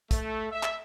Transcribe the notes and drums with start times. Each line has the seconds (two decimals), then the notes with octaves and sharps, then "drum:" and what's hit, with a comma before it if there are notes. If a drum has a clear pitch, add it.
0.11 A3, drum: kick, hi-hat
0.52 E5
0.63 drum: clap